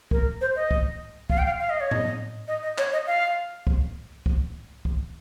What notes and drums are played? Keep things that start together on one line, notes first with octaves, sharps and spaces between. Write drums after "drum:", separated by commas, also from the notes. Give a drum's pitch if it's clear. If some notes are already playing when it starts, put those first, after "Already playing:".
A#4, drum: kick
C5
D#5
drum: kick
F5, drum: kick
G5
F5
F5
D#5
C#5
D#5, drum: tom A2
D#5
D#5
C#5, drum: clap
D#5
F5
drum: kick
drum: kick
drum: kick